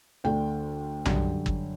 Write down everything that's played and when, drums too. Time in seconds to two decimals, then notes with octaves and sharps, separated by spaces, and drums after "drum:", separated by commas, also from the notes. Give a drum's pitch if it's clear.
0.24 D2 D3 A3 G5
1.05 F#2 D3 G3, drum: tom B1
1.46 drum: kick